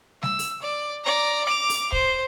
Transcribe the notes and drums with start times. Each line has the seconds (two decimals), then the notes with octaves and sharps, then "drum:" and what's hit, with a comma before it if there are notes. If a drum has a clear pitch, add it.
0.23 E6, drum: snare G3
0.39 drum: open hi-hat
0.62 D5
1.04 D5 A#5
1.45 D6 F7
1.70 drum: open hi-hat
1.92 C5, drum: kick